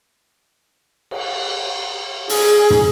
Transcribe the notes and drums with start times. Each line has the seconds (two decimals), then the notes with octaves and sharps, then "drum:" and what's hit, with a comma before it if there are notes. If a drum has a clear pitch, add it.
1.11 drum: cymbal
2.29 G#4, drum: open hi-hat
2.70 drum: tom